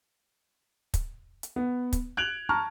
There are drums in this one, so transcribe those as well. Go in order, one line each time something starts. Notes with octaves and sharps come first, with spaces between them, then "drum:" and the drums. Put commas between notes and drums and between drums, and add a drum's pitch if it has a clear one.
drum: kick, hi-hat
drum: hi-hat
B3
drum: kick, hi-hat
F#6 G#6 D7 F7 F#7
A5 A#5 C#6 F6